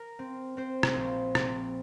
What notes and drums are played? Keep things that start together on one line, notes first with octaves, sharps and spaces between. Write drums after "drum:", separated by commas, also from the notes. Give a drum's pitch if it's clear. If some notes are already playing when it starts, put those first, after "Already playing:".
Already playing: A#4
C4
C4 C5
drum: rim click
A#1 C5
C4, drum: rim click